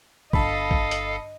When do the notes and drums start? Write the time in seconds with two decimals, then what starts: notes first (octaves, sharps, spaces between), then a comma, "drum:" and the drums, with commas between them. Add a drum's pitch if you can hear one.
0.33 G1 A4 D#5 F5 A5 B5, drum: kick
0.71 drum: kick
0.91 drum: hi-hat